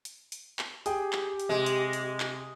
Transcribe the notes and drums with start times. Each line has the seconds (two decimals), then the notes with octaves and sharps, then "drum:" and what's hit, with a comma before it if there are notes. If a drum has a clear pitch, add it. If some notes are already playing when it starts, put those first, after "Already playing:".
0.05 drum: hi-hat
0.32 drum: hi-hat
0.59 drum: clap
0.86 G4 G#4 G5, drum: hi-hat
1.13 drum: clap
1.40 drum: hi-hat
1.49 C3 G#3
1.66 drum: hi-hat
1.93 drum: hi-hat
2.20 drum: clap